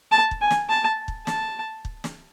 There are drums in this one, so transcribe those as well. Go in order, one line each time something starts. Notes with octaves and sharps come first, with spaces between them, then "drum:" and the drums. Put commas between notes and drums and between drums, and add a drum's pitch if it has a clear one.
A5
drum: kick
G#5
drum: snare
A5
drum: kick
A5, drum: snare
drum: kick
drum: snare